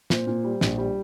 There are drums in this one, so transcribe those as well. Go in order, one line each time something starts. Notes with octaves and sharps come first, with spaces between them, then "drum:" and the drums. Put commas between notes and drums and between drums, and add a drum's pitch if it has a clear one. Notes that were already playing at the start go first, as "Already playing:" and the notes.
A#2 C5, drum: snare
A#2
G3
A#1, drum: snare
G3